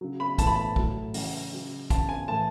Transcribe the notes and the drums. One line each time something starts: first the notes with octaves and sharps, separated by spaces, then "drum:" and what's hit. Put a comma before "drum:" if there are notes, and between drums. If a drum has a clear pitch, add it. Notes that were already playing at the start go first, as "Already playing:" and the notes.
C#3 F#3
B5
A2 E3 A5, drum: kick, hi-hat
B5
A5
A2 F#3, drum: kick
C#3 E3, drum: open hi-hat
C#3 F#3
C#3 E3 A5, drum: kick, hi-hat
G#5
A2 E3 A5